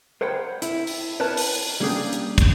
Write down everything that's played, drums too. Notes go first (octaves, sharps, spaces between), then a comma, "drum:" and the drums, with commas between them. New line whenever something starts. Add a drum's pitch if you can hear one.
A#4 C5 C#5 F#5 G5 B5
E4, drum: hi-hat
drum: open hi-hat
A#4 B4 C#5 A5
drum: open hi-hat
drum: open hi-hat
G3 A#3 C#4 D4 G#4 G5
drum: hi-hat
drum: kick, hi-hat